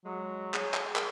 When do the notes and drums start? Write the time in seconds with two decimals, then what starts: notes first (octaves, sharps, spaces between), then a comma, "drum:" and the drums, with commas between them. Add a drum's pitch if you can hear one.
0.05 F#3 G#3
0.54 G#4 C#5, drum: clap
0.74 drum: clap
0.96 A#4, drum: clap